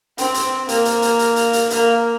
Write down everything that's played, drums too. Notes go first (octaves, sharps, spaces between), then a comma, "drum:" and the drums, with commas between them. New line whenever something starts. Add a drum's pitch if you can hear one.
C4, drum: hi-hat
drum: hi-hat
A#3, drum: hi-hat
drum: hi-hat
drum: hi-hat
drum: hi-hat
drum: hi-hat
drum: hi-hat
A#3, drum: hi-hat